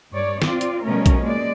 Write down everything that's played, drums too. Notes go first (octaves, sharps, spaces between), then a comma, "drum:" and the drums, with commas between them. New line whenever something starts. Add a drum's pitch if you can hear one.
G2 C#5 D5
C4 F4 D5, drum: snare
drum: hi-hat
B2 F3 G3 A3 C#4 A#4
drum: kick A#1, hi-hat
G#3 A#3 D5